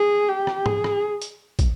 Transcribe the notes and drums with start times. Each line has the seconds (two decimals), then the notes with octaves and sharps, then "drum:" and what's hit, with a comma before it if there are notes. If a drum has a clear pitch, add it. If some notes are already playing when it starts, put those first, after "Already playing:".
Already playing: G#4
0.29 G4
0.47 drum: rim click
0.66 G#4, drum: tom G#2
0.84 drum: rim click
1.22 drum: hi-hat
1.59 drum: kick, hi-hat